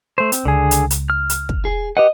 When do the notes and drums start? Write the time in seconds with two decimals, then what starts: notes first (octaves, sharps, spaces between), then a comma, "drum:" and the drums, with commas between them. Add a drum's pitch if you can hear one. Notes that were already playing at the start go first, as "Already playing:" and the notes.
0.18 A3 C5
0.32 C4, drum: hi-hat
0.45 C#2 D3 G#4
0.71 drum: hi-hat
0.90 drum: hi-hat
1.10 F6
1.30 drum: hi-hat
1.49 drum: kick
1.65 G#4
1.97 G4 B4 D#5 F#5